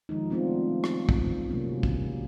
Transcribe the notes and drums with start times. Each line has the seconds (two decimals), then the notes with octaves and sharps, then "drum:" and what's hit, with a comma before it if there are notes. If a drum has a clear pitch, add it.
0.09 D#3 F3 G#3 D#4
0.30 A3 B3 C4 D4 D#4 F4
0.84 drum: rim click
1.09 drum: kick
1.50 C3 F#3 G3 A#3 C#4
1.83 drum: kick